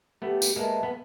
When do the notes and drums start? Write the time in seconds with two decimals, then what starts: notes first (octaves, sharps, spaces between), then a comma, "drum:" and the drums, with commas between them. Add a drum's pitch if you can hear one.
0.22 A3 B3 G4
0.42 drum: tambourine
0.56 G#3 A#3 B4 E5 A5
0.83 B3